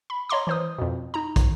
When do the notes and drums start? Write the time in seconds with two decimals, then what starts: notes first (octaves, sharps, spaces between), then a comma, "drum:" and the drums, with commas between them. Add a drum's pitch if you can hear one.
0.10 B5
0.29 C#5 D#5 A#5 C6 D6
0.47 E3 C5 D#6
0.78 F2 B2
1.14 D#4 A#5
1.36 drum: kick, hi-hat